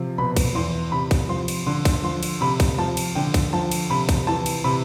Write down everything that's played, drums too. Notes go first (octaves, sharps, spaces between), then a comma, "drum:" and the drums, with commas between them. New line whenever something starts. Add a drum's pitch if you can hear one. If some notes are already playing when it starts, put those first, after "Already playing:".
Already playing: C3 F3
B2 B5
drum: kick, cymbal
E2 C6
C3 B5
drum: kick, cymbal
F3 C6
drum: cymbal
D3 C6
drum: kick, cymbal
F3 C6
drum: cymbal
C3 B5
drum: kick, cymbal
F3 A5
drum: cymbal
D3 G5
drum: kick, cymbal
F3 A5
drum: cymbal
C3 B5
drum: kick, cymbal
E3 A5
drum: cymbal
C3 B5